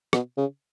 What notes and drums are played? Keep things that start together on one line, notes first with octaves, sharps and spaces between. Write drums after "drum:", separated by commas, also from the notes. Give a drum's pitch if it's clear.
B2, drum: rim click
C#3